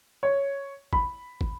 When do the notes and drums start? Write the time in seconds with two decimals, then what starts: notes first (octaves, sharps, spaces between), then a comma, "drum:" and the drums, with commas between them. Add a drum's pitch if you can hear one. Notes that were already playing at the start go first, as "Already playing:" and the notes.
0.23 C#5
0.93 B5, drum: kick
1.41 drum: kick